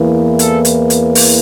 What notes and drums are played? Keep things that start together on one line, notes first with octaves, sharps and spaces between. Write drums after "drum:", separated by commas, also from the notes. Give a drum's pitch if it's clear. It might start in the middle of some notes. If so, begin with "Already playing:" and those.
Already playing: E2 E3 A#3
A4, drum: hi-hat
drum: hi-hat
drum: hi-hat
drum: open hi-hat